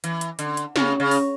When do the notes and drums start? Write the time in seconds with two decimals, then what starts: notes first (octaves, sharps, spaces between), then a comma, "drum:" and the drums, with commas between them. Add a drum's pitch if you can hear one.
0.04 E3, drum: hi-hat
0.21 drum: hi-hat
0.39 D3, drum: hi-hat
0.57 drum: hi-hat
0.76 C#3, drum: snare
1.00 C#3
1.11 drum: open hi-hat